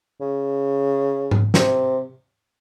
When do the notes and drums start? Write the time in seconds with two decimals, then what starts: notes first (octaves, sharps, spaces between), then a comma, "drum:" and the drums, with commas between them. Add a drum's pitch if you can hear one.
0.21 C#3
1.31 drum: tom G#2
1.54 A#2, drum: snare
1.58 C3